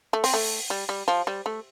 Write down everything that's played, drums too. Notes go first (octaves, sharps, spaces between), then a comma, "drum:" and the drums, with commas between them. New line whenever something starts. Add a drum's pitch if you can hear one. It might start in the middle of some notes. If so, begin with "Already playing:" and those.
A3
C4, drum: open hi-hat
A3
G3
G3
F3
G3
A3